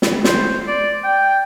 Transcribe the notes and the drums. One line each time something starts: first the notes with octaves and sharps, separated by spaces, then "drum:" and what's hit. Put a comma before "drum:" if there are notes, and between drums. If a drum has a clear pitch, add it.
drum: snare
C5, drum: snare
D5
G5